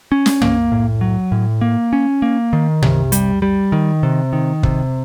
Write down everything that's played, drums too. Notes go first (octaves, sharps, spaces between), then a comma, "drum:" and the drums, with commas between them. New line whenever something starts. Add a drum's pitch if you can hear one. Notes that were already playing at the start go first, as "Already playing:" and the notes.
C#4
drum: snare
A#3, drum: tom
A2
F#3
A2
A#3
C#4
A#3
D#3
C3, drum: tom
G3, drum: hi-hat
G3
D#3
C3
D#3
C3, drum: kick